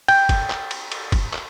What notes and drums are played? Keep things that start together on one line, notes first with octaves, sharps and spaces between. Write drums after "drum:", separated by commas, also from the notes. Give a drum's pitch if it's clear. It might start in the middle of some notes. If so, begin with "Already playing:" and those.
G5, drum: cymbal
drum: kick, cymbal
drum: clap
drum: cymbal
drum: cymbal
drum: kick, cymbal
drum: clap